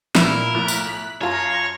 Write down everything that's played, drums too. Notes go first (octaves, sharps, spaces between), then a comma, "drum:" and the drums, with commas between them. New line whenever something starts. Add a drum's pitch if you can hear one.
A#2 E4 A#4 E6, drum: snare
B1 A2 F3 F#6 B6
drum: tambourine
F#2 F4 C#5 A5 A#5 C6